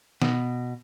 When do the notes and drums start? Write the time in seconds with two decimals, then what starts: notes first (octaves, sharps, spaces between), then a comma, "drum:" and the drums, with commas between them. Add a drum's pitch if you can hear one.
0.22 B2, drum: snare